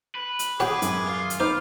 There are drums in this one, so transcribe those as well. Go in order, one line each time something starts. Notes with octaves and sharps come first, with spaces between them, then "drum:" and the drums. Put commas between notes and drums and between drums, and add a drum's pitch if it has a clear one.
B4
drum: hi-hat
B2 G4 G#4 C#5 F#5 D6, drum: snare
F#2, drum: hi-hat
F4
drum: hi-hat
B3 D#4 C5 F5 D6 F6